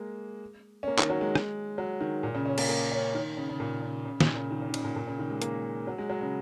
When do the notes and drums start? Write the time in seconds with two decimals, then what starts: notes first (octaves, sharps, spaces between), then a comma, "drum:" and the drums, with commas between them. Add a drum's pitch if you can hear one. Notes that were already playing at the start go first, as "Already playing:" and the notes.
Already playing: G#3 A#3
0.83 C#4
0.87 A#3
0.99 D#3, drum: clap
1.10 F#3
1.21 G#3
1.35 drum: rim click
1.78 F#3
2.01 D#3
2.23 A#2
2.35 C#3
2.46 C#4
2.58 A#3, drum: cymbal
2.69 A#3
2.92 C#4
3.15 D#3
3.37 C#3
3.49 C#3
3.60 A#2
3.83 C#3
4.06 C#3
4.20 A#2, drum: snare
4.36 C#3
4.51 D#3
4.62 C#3
4.68 D#3
4.74 C#3, drum: cymbal
4.84 A#2
4.96 A#2
5.07 C#3
5.19 D#3
5.30 G#3
5.42 A#3, drum: hi-hat
5.87 F#3
5.98 G#3
6.10 F#3
6.21 C#3